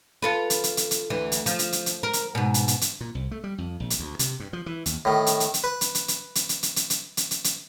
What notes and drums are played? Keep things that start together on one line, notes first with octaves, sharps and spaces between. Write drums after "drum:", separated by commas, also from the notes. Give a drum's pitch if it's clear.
F4 A4 B4
drum: hi-hat
drum: hi-hat
drum: hi-hat
drum: hi-hat
D2 E3
drum: hi-hat
F3, drum: hi-hat
drum: hi-hat
drum: hi-hat
drum: hi-hat
A#4
drum: hi-hat
G#2 B2
drum: hi-hat
drum: hi-hat
drum: hi-hat
A#2
C2
A3
G3
F2
A#1
drum: hi-hat
D2
C3, drum: hi-hat
G2
F3
E3
D#2, drum: hi-hat
A2 D#3
drum: hi-hat
drum: hi-hat
drum: hi-hat
B4
drum: hi-hat
drum: hi-hat
drum: hi-hat
drum: hi-hat
drum: hi-hat
drum: hi-hat
drum: hi-hat
drum: hi-hat
drum: hi-hat
drum: hi-hat
drum: hi-hat